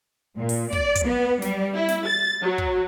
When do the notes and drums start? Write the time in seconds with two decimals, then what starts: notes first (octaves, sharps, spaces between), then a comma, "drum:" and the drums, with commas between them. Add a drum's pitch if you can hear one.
0.37 A#2
0.49 drum: open hi-hat
0.73 D5, drum: kick
0.95 drum: kick, hi-hat
1.07 B3
1.42 G3, drum: snare
1.75 E4
1.88 drum: snare
2.08 A6
2.42 F#3
2.58 drum: kick